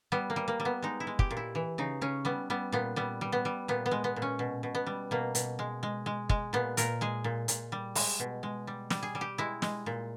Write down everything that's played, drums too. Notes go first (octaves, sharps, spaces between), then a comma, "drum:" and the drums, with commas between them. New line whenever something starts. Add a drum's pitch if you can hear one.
G3 B3
A#3
G3
A#3
G3
B3
G#3 D#4
E4
G#3
G4, drum: kick
A#2
E4
E3
C#3 D#4
C#3 C#4
G3 B3
G3 B3
A#2 B3
G3 B3
G3
B3
G3
A#2 B3
B3
G#3
B3
A#2
C#4
B2
B2
B3
G3
B2 A#3
B2, drum: hi-hat
G#3
G#3
G#3
G#3, drum: kick
A#2 B3
A#2 A#4, drum: hi-hat
G#3 G#4
A#2
A#2, drum: hi-hat
G3
G#3, drum: open hi-hat
B2
G#3
G3
G3, drum: snare
G#4
G3
G4
G#3 E4
G#3, drum: snare
A#2